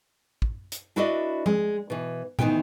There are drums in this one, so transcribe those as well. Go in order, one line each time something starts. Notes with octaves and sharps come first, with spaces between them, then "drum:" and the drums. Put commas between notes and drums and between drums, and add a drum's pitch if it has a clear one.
drum: kick
drum: hi-hat
D4 E4 F#4 B4 D5 D#5
G#3, drum: tom F3
B2 E3
D2 D#3 E3 B3 G5, drum: tom A#2